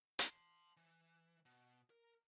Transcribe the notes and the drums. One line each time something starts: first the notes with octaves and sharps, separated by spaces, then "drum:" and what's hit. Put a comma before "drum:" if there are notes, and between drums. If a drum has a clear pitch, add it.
A5 C6, drum: hi-hat
E3
B2
A#4